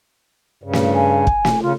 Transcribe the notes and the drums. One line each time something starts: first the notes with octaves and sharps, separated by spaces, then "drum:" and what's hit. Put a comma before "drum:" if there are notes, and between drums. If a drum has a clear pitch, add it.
G2 C#3
drum: snare
G#5
drum: kick
drum: snare
C#3 F4